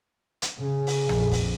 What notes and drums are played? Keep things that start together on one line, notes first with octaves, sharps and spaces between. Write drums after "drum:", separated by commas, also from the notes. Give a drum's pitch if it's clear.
drum: hi-hat
C#3 G#4
drum: open hi-hat
A#1 F2, drum: snare
drum: kick, open hi-hat